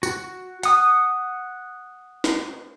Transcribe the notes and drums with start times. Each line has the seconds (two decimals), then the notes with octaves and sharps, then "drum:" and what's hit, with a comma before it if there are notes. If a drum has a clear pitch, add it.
0.03 F#4, drum: tambourine
0.63 F#5 D#6, drum: hi-hat
2.24 drum: snare